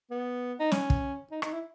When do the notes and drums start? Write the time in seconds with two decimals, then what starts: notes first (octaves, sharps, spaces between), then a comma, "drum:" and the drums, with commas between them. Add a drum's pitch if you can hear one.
0.10 B3
0.60 D#4
0.72 C#4, drum: snare
0.90 drum: kick
1.31 D#4
1.42 D#4, drum: rim click
1.52 E4